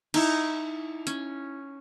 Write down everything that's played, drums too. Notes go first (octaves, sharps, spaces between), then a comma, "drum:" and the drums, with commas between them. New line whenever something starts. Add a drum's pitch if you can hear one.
D#4 E4, drum: cymbal
C#4, drum: hi-hat